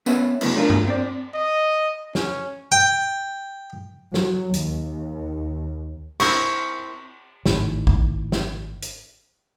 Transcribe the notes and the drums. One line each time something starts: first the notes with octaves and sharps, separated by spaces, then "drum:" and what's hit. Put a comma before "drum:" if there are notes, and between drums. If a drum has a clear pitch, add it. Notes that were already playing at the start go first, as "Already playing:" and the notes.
B3 C#4 B4 C#5 E5 F#5, drum: tambourine
F#2 C#3 A3 B3 E4, drum: cymbal
A3 D4 F4 A4 A#4
drum: tom G2
C4 D5
D#5
C#4, drum: snare
G5
F#3, drum: snare
D#2, drum: hi-hat
C4 E4 A#4 C#6, drum: cymbal
G#1 A2 D#3, drum: snare
drum: kick
drum: snare
drum: hi-hat